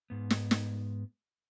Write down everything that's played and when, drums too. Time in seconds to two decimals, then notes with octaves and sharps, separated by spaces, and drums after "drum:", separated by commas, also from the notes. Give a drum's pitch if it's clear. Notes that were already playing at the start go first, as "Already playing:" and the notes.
0.10 G#2 B3
0.30 drum: snare
0.51 drum: snare